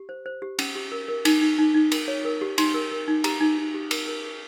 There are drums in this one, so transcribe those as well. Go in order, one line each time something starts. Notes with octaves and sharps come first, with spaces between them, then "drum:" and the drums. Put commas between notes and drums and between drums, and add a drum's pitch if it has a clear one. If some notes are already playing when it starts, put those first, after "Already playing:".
Already playing: G4
C5
C5
G4
C#4, drum: cymbal
G4
A#4
A#4
D#4, drum: cymbal
D#4
D#4
D#4
A#4, drum: cymbal
C#5
A#4
G4
D#4 C6, drum: cymbal
A#4
A#4
D#4
G4 A#5, drum: cymbal
D#4
D#4
G4
A#4, drum: cymbal
A#4
A#4